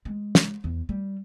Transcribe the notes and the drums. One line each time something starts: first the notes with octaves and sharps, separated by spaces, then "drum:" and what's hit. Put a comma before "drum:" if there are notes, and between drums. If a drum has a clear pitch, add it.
G#3
drum: snare
E2
G3